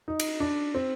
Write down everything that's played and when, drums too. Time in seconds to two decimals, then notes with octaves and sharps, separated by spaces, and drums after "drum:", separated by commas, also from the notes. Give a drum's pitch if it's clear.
0.08 D#4
0.20 drum: cymbal
0.40 D4
0.74 C4